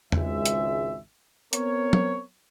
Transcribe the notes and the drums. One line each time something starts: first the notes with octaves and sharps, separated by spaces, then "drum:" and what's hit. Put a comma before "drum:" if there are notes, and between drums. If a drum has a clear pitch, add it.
G#1 C#2 G#3 E5, drum: tom E2
drum: hi-hat
B3 C4 A#4 C#5, drum: hi-hat
drum: tom